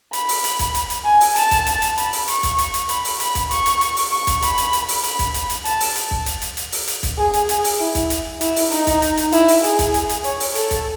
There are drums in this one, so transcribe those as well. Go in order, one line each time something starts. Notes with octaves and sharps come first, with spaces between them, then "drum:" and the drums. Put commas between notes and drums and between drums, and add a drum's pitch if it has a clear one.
B5, drum: hi-hat
drum: open hi-hat
drum: hi-hat
drum: kick, hi-hat
drum: hi-hat
drum: hi-hat
G#5
drum: open hi-hat
A5, drum: hi-hat
drum: kick, hi-hat
drum: hi-hat
drum: hi-hat
B5, drum: hi-hat
drum: open hi-hat
C#6, drum: hi-hat
drum: kick, hi-hat
drum: hi-hat
drum: hi-hat
B5, drum: hi-hat
drum: open hi-hat
B5, drum: hi-hat
drum: kick, hi-hat
C#6, drum: hi-hat
drum: hi-hat
drum: hi-hat
drum: open hi-hat
C#6
drum: kick, hi-hat
B5, drum: hi-hat
drum: hi-hat
drum: hi-hat
drum: open hi-hat
B5, drum: hi-hat
drum: kick, hi-hat
drum: hi-hat
drum: hi-hat
A5, drum: hi-hat
drum: open hi-hat
drum: hi-hat
drum: kick
drum: hi-hat
drum: hi-hat
drum: hi-hat
drum: open hi-hat
drum: hi-hat
drum: kick, hi-hat
G#4
drum: hi-hat
drum: hi-hat
drum: open hi-hat
E4
drum: kick, hi-hat
drum: hi-hat
E4, drum: hi-hat
drum: open hi-hat
D#4, drum: hi-hat
drum: kick, hi-hat
drum: hi-hat
drum: hi-hat
E4, drum: hi-hat
drum: open hi-hat
G#4, drum: hi-hat
drum: kick, hi-hat
drum: hi-hat
drum: hi-hat
C#5, drum: hi-hat
drum: open hi-hat
A4, drum: hi-hat
drum: kick, hi-hat